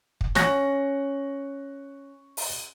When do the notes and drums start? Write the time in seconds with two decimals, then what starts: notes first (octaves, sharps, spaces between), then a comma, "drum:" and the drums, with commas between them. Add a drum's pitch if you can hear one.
0.21 drum: kick
0.35 C#4 C#6 F#6 A#6, drum: snare
2.37 drum: open hi-hat